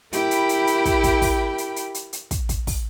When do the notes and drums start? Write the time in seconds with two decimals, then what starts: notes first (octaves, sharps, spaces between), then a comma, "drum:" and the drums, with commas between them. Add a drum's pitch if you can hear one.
0.13 E4 G4 A#4 G5 B5, drum: hi-hat
0.31 drum: hi-hat
0.49 drum: hi-hat
0.67 drum: hi-hat
0.85 drum: kick, hi-hat
1.04 drum: kick, hi-hat
1.22 drum: kick, open hi-hat
1.58 drum: hi-hat
1.76 drum: hi-hat
1.94 drum: hi-hat
2.13 drum: hi-hat
2.31 drum: kick, hi-hat
2.49 drum: kick, hi-hat
2.67 drum: kick, open hi-hat